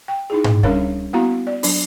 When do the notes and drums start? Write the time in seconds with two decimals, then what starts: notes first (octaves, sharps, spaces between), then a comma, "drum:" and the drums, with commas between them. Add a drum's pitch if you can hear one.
0.08 G5
0.30 D#4 E4 G#4
0.44 drum: tom G#2
0.63 G3 C#4 D4 A#4 C#5 F5, drum: kick C#2
1.13 A#3 B3 E4 F#4 F5 A#5
1.47 D5
1.63 F#3 D4, drum: open hi-hat